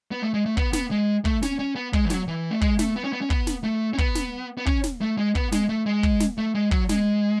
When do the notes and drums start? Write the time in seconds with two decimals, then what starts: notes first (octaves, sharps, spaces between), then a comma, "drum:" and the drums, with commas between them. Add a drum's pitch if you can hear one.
0.11 B3
0.22 A3
0.34 G#3
0.46 A3
0.57 B3, drum: kick
0.73 B3, drum: snare
0.91 G#3
1.25 A3, drum: kick
1.42 C#4, drum: snare
1.59 C#4
1.75 B3
1.93 G#3, drum: kick
2.05 E3
2.10 F#3, drum: snare
2.27 E3
2.51 A3
2.61 G#3, drum: kick
2.79 A3, drum: snare
2.96 B3
3.04 C#4
3.13 B3
3.21 C#4
3.30 B3, drum: kick
3.47 drum: snare
3.64 A3
3.93 C#4
3.98 B3, drum: kick
4.15 drum: snare
4.57 B3
4.66 C#4, drum: kick
4.84 drum: snare
5.01 A3
5.18 G#3
5.35 B3, drum: kick
5.52 G#3, drum: snare
5.69 A3
5.86 G#3
6.03 drum: kick
6.20 drum: snare
6.38 A3
6.55 G#3
6.71 F#3, drum: kick
6.89 G#3, drum: snare